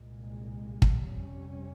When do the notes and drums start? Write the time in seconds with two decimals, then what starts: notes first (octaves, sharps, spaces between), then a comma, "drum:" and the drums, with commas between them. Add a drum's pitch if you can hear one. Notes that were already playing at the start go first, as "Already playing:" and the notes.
Already playing: C2 A#2 G#3
0.82 drum: kick
1.03 F2 C3 G3 C#4